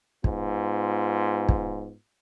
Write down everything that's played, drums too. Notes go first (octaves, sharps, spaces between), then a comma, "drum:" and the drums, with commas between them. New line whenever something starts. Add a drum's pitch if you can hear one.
G#2 B3 F4, drum: kick
drum: kick